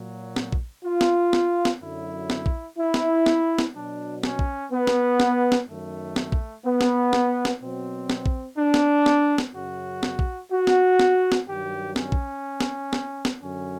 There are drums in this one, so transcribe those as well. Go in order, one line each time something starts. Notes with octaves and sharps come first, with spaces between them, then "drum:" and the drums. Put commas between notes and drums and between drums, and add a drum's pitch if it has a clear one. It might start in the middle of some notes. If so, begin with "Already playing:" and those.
Already playing: A#2 F#3
drum: snare
drum: kick A#1
F4
drum: snare
drum: snare
drum: snare
F#2 D3 F#3 E4
drum: snare
drum: kick A#1
E4
drum: snare
drum: snare
drum: snare
B2 F#3 D4
C#4, drum: snare
drum: kick A#1
B3
drum: snare
drum: snare
drum: snare
F#2 D#3 F#3 A3
drum: snare
drum: kick A#1
B3
drum: snare
drum: snare
drum: snare
B2 F#3 C4
drum: snare
drum: kick A#1
D4
drum: snare
drum: snare
drum: snare
F#2 C#3 F#3 F#4
drum: snare
drum: kick A#1
F#4
drum: snare
drum: snare
drum: snare
G2 D#3 F#3 G4
C#4, drum: snare
drum: kick A#1
drum: snare
drum: snare
drum: snare
F#2 D3 F#3 C#4